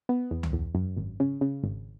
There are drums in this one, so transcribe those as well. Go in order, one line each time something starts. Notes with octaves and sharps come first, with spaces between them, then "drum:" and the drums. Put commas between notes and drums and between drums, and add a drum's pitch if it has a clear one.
B3
E2
drum: tom C#2
E2
F#2
G#1
C#3
C#3
G#1